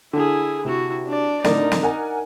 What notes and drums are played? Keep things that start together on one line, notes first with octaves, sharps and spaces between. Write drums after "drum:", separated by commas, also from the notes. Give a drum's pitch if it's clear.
D3 E4 G#4
C3 E4 F#4
D4 D5
A2 D3 D#4 A#4 D5, drum: snare
drum: snare
A#4 F#5 G#5